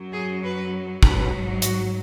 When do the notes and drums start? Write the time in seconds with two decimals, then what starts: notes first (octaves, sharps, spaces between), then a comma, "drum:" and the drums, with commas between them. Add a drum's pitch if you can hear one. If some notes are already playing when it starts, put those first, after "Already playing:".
Already playing: F#2 F#3
0.13 G#4
0.43 B4
1.03 G#2 F#3 B4, drum: kick
1.62 F#4, drum: hi-hat